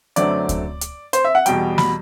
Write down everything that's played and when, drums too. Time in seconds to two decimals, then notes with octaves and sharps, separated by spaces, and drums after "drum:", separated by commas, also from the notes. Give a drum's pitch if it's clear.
0.16 F#2 D3 F#3 A3 C4 D5, drum: hi-hat
0.49 drum: kick D2, hi-hat
0.81 drum: hi-hat
1.13 C5, drum: hi-hat
1.25 E5
1.35 F#5
1.46 E2 B2 G3 G5, drum: hi-hat
1.78 B5, drum: snare